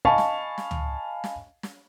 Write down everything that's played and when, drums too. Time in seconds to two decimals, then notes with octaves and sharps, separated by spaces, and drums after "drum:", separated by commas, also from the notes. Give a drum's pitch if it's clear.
0.05 D#5 F5 G#5 A5 B5 C#6
0.18 drum: snare
0.58 drum: snare
0.71 drum: tom C#2
1.24 drum: snare
1.63 drum: snare